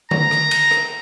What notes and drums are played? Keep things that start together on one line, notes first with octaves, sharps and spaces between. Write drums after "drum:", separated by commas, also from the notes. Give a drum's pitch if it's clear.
A#5, drum: tom D3
drum: rim click
drum: cymbal
drum: rim click